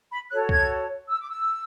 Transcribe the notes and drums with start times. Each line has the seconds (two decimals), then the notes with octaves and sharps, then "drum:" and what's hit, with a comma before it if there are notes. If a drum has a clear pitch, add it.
0.11 B5
0.30 F#4 A4 C#5 F#6
0.49 G#6, drum: kick C2
1.08 E6
1.19 D6
1.29 E6